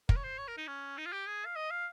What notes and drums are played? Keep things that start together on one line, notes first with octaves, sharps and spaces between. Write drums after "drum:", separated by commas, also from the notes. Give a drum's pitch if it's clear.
A#4, drum: kick
C#5
C5
C#5
A#4
D#4
C#4
D#4
F4
G4
G#4
F5
D#5
F5